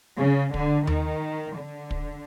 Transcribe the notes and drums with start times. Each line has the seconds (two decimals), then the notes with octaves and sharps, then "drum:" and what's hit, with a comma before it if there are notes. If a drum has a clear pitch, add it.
0.19 C#3
0.54 D3, drum: kick
0.87 D#3, drum: tom D#2
1.57 D3
1.91 drum: kick